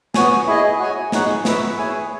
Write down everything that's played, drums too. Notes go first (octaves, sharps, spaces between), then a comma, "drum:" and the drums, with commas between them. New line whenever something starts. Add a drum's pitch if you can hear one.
B3 F#4 C#5 G#5, drum: snare
E4 G#4 D#5
F#4 C#5 G#5
D#4 G#4 C#5 F#5, drum: snare
B3 F#4 B4 E5, drum: snare
E4 G#4 C#5 G#5